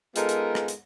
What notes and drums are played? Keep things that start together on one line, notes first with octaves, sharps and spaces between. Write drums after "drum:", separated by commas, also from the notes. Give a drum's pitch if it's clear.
G#3 B3 D#4 F4 A4 A#4, drum: hi-hat
drum: hi-hat
drum: rim click
drum: hi-hat